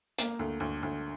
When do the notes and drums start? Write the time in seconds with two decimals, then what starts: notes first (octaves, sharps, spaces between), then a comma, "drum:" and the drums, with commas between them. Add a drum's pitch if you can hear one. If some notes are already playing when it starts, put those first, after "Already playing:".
0.19 A#3, drum: hi-hat
0.39 D2
0.60 D2
0.83 D2